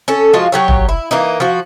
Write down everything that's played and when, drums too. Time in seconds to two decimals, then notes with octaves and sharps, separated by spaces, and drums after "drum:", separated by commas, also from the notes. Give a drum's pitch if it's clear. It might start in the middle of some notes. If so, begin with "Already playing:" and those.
0.08 C#4 A4
0.33 F3 G#3 F4 F#4
0.52 F#3 G4 C#5
0.68 drum: tom
0.89 E4
1.11 E3 A#3 D#4
1.40 F3 F#4